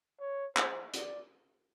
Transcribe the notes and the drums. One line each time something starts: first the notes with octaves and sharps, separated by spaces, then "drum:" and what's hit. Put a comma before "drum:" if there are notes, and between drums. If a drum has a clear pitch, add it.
C#5
C5, drum: clap
D5, drum: hi-hat